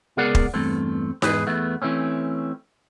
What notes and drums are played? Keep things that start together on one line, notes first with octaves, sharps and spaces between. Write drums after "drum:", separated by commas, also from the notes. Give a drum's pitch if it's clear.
C#2 B3 G#4 A#4 D5 F#5
drum: kick
E2 G2 A3 C4
E2 G#2 G#4 B4, drum: snare D#4
E2 A3 B3
E3 A3 C4 C#4